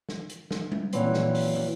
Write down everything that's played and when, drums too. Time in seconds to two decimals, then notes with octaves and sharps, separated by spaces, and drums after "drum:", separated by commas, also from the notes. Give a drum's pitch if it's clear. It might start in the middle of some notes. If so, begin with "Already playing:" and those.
0.09 drum: snare
0.30 drum: hi-hat
0.51 drum: snare
0.72 drum: tom G3
0.93 A#2 E3 F#3 C4 C#4, drum: hi-hat
1.14 drum: snare
1.35 drum: open hi-hat
1.56 drum: tom